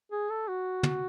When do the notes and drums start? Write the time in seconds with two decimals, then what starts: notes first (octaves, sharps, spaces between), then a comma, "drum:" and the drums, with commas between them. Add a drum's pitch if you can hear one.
0.12 G#4
0.30 A4
0.48 F#4
0.83 drum: tom